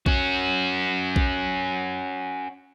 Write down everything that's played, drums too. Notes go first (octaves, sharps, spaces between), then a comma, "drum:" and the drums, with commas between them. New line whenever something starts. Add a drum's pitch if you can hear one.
C#4 F#4, drum: kick A#1
drum: kick A#1